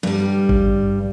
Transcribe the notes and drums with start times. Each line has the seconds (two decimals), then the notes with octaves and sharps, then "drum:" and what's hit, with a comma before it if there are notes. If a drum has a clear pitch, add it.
0.03 G2 G3
0.49 drum: kick G#1